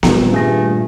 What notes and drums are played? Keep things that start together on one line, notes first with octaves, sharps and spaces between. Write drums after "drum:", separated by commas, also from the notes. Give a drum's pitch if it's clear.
A#2 D#3 G3, drum: snare B3
G2 A3 G#4 A#6